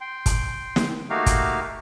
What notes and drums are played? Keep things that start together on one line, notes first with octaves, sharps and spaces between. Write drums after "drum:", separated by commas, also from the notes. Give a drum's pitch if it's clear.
G5 C6
drum: kick, hi-hat
drum: snare
A3 A#3 D#4 F#4 G4 F5
drum: kick, hi-hat